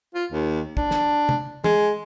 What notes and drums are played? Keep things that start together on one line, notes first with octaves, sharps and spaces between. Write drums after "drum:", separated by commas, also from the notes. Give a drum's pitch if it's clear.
F4
D#2
D4, drum: kick
drum: snare
drum: tom
G#3, drum: tom